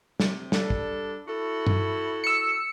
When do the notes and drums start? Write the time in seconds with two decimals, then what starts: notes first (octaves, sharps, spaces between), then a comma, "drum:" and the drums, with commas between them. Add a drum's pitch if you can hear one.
0.20 C3, drum: snare
0.52 G3 D4 A4, drum: snare
0.70 drum: kick
1.26 E4 F#4 A4
1.67 drum: tom
2.24 E6 C#7